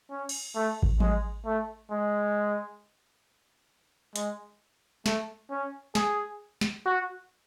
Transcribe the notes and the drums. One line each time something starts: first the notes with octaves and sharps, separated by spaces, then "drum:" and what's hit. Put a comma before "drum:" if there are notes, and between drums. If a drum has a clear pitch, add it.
C#4
drum: cymbal
A3
drum: kick A1
G#3, drum: tom
A3
G#3
G#3, drum: hi-hat
A3, drum: snare
C#4
G#4, drum: snare
drum: snare
F#4